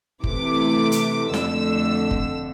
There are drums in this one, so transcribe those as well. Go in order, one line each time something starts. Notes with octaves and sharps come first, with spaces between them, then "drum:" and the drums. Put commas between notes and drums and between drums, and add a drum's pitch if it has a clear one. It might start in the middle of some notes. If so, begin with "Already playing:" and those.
C3 E3 A3 D6, drum: kick F#1
drum: hi-hat
F2 D3 A3 E6, drum: snare
drum: kick F#1